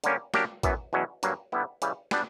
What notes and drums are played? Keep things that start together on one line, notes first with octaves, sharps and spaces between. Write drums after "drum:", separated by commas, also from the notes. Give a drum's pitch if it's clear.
D3 G3 A#3 C#4 G4, drum: hi-hat
F#3 A#3 D4 G4 A#4, drum: snare
F#2 E3 B3, drum: kick, hi-hat
E2 B2 F#3 C#4
G2 F#3 A#3, drum: hi-hat
D3 G3 B3 E4
C#3 E3 G3, drum: hi-hat
G3 B3 D4, drum: snare